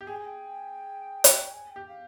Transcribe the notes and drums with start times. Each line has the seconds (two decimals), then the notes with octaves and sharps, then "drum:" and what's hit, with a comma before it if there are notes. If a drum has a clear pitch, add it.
0.01 G4
0.06 G#4 G5
0.16 G#5
0.25 G5
1.24 drum: hi-hat
1.52 G#5
1.70 G5
1.76 G4
1.88 F5